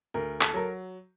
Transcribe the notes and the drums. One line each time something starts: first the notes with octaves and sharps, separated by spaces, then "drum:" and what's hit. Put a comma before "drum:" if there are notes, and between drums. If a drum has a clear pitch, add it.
D2 A#4
A4, drum: clap
F#3 A#4